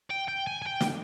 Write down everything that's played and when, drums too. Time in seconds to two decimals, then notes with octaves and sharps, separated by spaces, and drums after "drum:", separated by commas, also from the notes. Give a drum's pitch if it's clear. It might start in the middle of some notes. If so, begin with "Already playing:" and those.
0.10 G5
0.28 G5
0.47 G#5
0.62 G#5
0.67 G5
0.81 drum: snare